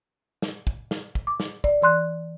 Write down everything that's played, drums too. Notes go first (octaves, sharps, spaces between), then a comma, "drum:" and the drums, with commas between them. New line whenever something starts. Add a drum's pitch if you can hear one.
drum: snare
drum: kick
drum: snare
drum: kick
D6
drum: snare
D5, drum: kick
E3 D5 C6 F#6